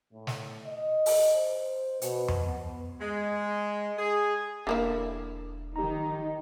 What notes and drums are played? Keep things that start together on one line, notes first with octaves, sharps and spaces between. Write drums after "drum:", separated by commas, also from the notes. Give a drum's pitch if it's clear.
A2
drum: snare
D#5
drum: open hi-hat
C5
B2, drum: hi-hat
drum: tom F2
B3
G#3
G#4
E1 D3 A#3 E4
D#3 D#4 G4 A#5